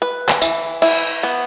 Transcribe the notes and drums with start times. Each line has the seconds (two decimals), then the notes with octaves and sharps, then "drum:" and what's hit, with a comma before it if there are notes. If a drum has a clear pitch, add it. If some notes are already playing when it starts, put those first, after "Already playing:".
0.02 B4
0.28 drum: clap
0.42 E3, drum: tambourine
0.82 E4, drum: cymbal
1.23 B3